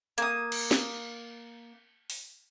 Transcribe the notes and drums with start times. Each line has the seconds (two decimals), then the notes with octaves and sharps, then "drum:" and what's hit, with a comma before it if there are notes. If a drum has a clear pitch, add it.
0.18 A#3 D#6, drum: hi-hat
0.52 drum: cymbal
0.71 drum: snare
2.10 drum: open hi-hat